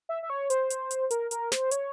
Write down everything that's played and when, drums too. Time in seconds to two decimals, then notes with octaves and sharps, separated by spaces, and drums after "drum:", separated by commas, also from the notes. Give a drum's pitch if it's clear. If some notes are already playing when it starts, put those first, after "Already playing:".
0.09 E5
0.23 E5
0.30 C#5
0.50 C5, drum: hi-hat
0.70 drum: hi-hat
0.91 drum: hi-hat
1.11 A#4, drum: hi-hat
1.31 A#4, drum: hi-hat
1.52 C5, drum: snare
1.71 C#5, drum: hi-hat